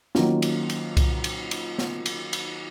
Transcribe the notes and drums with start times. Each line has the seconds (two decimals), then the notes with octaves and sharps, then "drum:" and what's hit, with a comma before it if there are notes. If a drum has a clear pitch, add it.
0.15 D#3 F#3 A#3 C#4 F4, drum: snare
0.42 drum: cymbal
0.70 drum: cymbal
0.97 drum: kick C2, cymbal
1.24 drum: cymbal
1.51 drum: cymbal
1.78 drum: snare
2.06 drum: cymbal
2.33 drum: cymbal